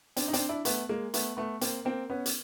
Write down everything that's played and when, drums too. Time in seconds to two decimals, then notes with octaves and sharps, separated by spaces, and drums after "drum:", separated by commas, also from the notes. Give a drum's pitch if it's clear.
0.17 C4 D4, drum: hi-hat
0.28 D#4
0.33 C4 D4, drum: hi-hat
0.49 D4 E4
0.65 A3 B3, drum: hi-hat
0.89 G#3 A#3
1.14 A3 B3, drum: hi-hat
1.37 A3 B3
1.61 A#3 C4, drum: hi-hat
1.85 A#3 C4
2.09 B3 C#4
2.26 drum: hi-hat